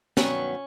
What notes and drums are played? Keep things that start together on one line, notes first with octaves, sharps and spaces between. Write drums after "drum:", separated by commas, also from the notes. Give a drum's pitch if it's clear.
G2 D#3 F#3 B3 C#4, drum: snare